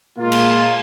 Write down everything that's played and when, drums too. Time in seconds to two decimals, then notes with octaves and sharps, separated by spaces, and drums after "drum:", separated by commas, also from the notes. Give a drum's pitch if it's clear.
0.18 A#2 G#3 A#3 F4
0.32 drum: cymbal